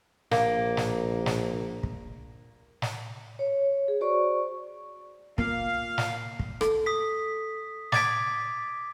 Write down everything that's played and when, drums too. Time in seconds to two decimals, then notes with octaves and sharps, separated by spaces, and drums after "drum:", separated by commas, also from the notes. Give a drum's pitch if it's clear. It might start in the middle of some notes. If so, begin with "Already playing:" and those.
0.31 A#1 A#3, drum: snare
0.77 drum: snare
1.26 drum: snare
1.83 drum: kick
2.82 drum: snare
3.39 C#5
3.88 G#4
4.01 F#4 C5 D5 C#6
5.38 A#2 A#3 F5, drum: kick
5.98 drum: snare
6.39 drum: kick
6.61 A4, drum: rim click
6.86 D#6 B6
7.92 D6 G#6 A6 B6 D7, drum: snare